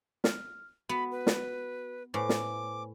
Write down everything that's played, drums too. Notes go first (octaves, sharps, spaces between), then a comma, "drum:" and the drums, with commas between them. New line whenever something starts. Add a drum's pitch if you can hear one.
F6, drum: snare
B3 F#4 B5
B4
drum: snare
A2 B4 C5 G#5 D6
drum: snare